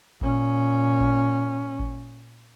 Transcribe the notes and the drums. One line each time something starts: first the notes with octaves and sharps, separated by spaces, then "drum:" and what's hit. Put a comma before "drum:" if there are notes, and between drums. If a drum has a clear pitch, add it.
A#2 C#4, drum: kick G#1
drum: kick G#1
drum: kick G#1